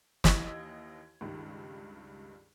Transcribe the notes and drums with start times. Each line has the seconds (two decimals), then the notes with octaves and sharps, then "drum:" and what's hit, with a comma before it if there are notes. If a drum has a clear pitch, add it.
0.24 D#2 E3 D#5 E6 G#6, drum: snare
1.21 C#2 G2 D#3